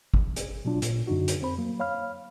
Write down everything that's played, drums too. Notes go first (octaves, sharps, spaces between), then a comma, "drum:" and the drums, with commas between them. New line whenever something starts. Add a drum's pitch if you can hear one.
drum: kick
drum: hi-hat
B2 F#3 D4 F4
A#2, drum: hi-hat
F#2 D3 D4 D#4 F#4
drum: hi-hat
F2 C4 C5 B5
F#3 A#3
C#5 F5 B5 F6